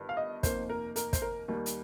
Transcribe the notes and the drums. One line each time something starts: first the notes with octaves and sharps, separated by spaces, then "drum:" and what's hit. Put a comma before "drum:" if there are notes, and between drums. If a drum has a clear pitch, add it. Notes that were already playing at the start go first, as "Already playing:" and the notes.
Already playing: G1 G2 D#3
F5
D#5
F1 D#2 D#3 A#3 C5, drum: kick, hi-hat
A#4
A#4, drum: hi-hat
C5, drum: kick, hi-hat
A#4
D#2 D#3 G3 A#3
drum: hi-hat